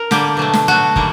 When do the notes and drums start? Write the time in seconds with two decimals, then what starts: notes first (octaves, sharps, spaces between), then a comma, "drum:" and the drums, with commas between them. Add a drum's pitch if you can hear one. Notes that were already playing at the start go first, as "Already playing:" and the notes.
Already playing: A#4
0.11 D3 G3 A#3 G4, drum: snare
0.37 B2 F#3 A3
0.53 drum: snare
0.68 B2 F#3 A3 F#4
0.96 D#3 G3 A#3, drum: kick